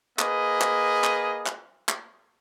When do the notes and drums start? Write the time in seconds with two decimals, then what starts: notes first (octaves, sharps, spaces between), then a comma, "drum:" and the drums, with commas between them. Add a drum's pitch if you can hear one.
0.19 A#3 G#4 B4 D#5, drum: clap
0.61 drum: clap
1.04 drum: clap
1.46 drum: clap
1.89 drum: clap